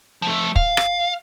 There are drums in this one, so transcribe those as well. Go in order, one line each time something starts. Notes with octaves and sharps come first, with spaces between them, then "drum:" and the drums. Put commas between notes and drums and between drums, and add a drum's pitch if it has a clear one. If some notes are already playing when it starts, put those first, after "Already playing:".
F3 A3
F5, drum: kick
drum: rim click